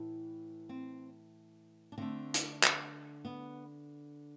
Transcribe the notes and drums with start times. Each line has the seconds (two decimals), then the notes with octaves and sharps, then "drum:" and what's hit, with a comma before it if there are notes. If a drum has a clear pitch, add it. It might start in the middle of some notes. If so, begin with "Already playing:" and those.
Already playing: A2 E3
0.69 C4
1.92 D4
1.98 D3 A3 C4
2.34 drum: hi-hat
2.63 drum: clap
3.25 B3